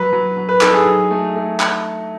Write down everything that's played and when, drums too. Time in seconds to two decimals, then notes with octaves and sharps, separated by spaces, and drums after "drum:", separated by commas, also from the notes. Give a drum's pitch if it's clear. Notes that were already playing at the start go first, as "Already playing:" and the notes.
Already playing: F#3 B4
0.13 F#3
0.37 F#3
0.49 B4
0.61 D#4 A4, drum: clap
0.73 G#4
0.85 F#3
1.11 A3
1.36 A3
1.60 drum: clap